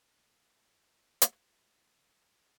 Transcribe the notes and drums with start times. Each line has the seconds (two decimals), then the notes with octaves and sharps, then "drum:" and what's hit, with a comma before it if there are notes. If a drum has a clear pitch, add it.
0.17 G#2 C3 F3 A3
1.22 drum: hi-hat